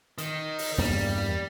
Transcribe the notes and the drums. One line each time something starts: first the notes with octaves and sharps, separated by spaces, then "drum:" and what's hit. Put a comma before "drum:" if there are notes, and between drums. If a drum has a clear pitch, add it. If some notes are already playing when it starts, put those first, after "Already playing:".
D#3, drum: hi-hat
drum: open hi-hat
E2 G2 G3 A#3